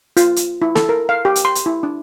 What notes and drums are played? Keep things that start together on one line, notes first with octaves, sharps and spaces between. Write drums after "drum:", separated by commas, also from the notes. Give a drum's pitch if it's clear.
F4, drum: hi-hat
drum: hi-hat
E4
A4, drum: snare
A#4
F5
G4
drum: hi-hat
C6
drum: hi-hat
E4
D4